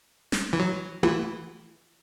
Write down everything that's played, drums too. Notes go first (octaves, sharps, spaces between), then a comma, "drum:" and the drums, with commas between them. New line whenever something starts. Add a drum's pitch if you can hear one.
drum: snare
E3
F#3
E3, drum: tom E4